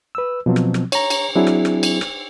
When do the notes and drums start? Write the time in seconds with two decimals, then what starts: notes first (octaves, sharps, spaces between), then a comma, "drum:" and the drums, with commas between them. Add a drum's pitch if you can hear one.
0.15 B4 E6
0.46 B2 F3 F#3 C4
0.56 drum: rim click
0.74 drum: rim click
0.92 C#5 A#5, drum: cymbal
1.10 drum: cymbal
1.35 F#3 C4 D4 E4 G#4
1.47 drum: rim click
1.65 drum: rim click
1.83 drum: cymbal
2.01 drum: rim click